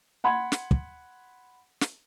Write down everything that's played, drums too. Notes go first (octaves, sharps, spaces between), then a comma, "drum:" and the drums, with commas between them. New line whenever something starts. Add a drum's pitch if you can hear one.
F#5 B5 C6 G#6
drum: snare
drum: kick
drum: snare